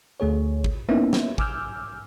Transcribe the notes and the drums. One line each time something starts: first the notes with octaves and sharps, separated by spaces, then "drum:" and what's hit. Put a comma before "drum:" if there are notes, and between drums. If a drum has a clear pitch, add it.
D2 A3 G#4 C#5
drum: kick
A#3 B3 C#4 D#4 E4 E5
drum: snare
G#5 D6 E6 F6 G6, drum: kick